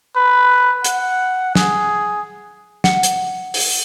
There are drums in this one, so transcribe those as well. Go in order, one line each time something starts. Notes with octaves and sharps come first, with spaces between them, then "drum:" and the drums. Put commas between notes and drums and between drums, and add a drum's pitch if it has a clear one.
B4
F#5, drum: hi-hat
G#4, drum: snare
F#5, drum: snare
drum: hi-hat
drum: open hi-hat